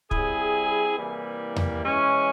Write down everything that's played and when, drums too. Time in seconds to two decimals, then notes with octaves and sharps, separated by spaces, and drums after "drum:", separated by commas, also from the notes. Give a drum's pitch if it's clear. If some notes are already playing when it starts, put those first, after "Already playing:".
0.11 G3 C4 E4 G#4, drum: kick
0.98 C3 E3 G3 A#3 E4
1.56 drum: tom E2
1.85 E3 G#3 C#4